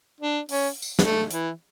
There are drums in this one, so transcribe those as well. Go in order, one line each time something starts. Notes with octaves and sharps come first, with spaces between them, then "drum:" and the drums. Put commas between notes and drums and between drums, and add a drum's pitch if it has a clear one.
D4
C#4, drum: open hi-hat
drum: tambourine
B3, drum: snare
A3
E3, drum: hi-hat